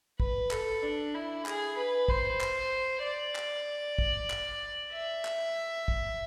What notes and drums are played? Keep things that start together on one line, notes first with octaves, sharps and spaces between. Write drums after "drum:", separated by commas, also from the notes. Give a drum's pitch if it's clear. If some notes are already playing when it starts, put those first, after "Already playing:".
B4, drum: kick
A4, drum: clap
D4
E4
G#4, drum: clap
B4
C5, drum: kick
drum: clap
D5
drum: clap
drum: kick
drum: clap
E5
drum: clap
drum: kick